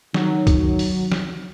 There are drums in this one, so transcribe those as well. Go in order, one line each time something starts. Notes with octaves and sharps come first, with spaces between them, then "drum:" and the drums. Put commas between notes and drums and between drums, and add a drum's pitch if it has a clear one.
D#3 F#3, drum: snare
drum: kick, hi-hat
drum: open hi-hat
drum: snare